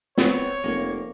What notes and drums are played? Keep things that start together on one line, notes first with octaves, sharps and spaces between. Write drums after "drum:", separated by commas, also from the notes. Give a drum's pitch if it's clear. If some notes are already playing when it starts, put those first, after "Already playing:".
B3 C4 C#5, drum: snare
F1 A#3